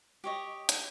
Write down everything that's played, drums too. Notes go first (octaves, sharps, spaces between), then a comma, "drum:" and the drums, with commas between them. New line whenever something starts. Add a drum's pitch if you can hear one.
G4 C#5 D#5
drum: hi-hat